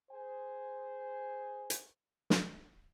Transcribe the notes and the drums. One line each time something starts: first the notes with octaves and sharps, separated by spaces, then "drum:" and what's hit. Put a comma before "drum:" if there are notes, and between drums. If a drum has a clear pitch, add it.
G#4 C5 G#5
drum: hi-hat
drum: snare